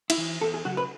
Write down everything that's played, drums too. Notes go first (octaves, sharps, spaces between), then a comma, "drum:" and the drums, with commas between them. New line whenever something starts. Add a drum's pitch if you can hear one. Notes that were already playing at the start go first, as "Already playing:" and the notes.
E4, drum: cymbal
E3
E2 A4
G#4
C#3 F#3 F#4
B4